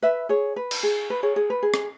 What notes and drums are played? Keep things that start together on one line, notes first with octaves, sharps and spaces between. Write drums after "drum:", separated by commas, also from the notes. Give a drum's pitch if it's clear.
B4 E5
G#4 C#5
B4
drum: cymbal
G#4
B4
G#4 C#5
G#4
B4
G#4
drum: rim click